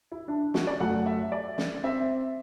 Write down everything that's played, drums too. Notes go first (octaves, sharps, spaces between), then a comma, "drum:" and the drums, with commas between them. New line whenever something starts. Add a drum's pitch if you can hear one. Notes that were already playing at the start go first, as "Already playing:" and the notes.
E4
D4
F#4, drum: snare
D5
F#2 F#3 A3 F#5
E5
D5
drum: snare
C4 E5